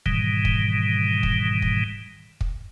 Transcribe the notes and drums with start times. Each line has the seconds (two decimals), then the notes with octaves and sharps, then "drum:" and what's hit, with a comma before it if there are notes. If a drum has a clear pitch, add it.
0.06 G#2 B2 D#3 E3 G3, drum: kick
0.45 drum: kick
1.23 drum: kick
1.62 drum: kick
2.41 drum: kick